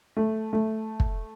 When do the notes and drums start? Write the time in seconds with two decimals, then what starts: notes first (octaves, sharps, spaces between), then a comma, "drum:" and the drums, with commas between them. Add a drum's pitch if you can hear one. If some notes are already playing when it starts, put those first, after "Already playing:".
0.17 A3
0.53 A3
1.00 drum: kick